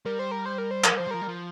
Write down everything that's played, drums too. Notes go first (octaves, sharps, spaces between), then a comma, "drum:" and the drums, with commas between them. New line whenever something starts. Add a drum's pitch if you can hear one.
G3 A#4
C5
A#4
C5
A#4
C5
F3 A#4, drum: clap
G3
F3 C5
G3
F3 A#4
G3
F3